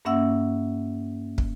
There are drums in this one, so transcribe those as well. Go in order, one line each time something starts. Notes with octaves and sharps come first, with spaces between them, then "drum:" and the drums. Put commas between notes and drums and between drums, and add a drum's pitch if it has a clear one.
G2 A#3 C#4 E5 F#5 E6
drum: kick